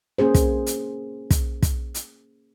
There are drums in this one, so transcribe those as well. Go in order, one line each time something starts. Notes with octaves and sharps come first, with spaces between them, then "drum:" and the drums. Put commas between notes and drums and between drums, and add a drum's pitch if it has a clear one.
A#3 C#4 G#4 C5
drum: kick, hi-hat
drum: hi-hat
drum: kick, hi-hat
drum: kick, hi-hat
drum: hi-hat